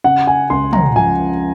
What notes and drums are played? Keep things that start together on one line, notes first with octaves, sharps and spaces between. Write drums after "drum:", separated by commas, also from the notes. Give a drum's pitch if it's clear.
C#3 F#5
G#5
C#2 C6
A#5, drum: tom
F3 G#5